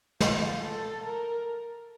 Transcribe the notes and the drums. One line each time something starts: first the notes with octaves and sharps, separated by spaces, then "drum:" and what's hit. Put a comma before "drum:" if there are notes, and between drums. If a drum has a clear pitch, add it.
F4, drum: snare
A4
A#4